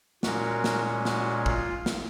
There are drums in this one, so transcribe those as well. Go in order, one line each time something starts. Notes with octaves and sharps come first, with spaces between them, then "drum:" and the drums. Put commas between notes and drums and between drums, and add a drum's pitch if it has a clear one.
A#2 G#3 C#4 F#4 A#4, drum: snare
drum: snare
F#4, drum: snare
F4, drum: kick
drum: snare